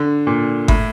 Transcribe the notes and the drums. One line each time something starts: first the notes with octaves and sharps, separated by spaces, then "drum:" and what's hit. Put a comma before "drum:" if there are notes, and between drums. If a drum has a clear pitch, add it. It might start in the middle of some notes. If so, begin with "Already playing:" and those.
Already playing: D3
A#2
A2, drum: kick G1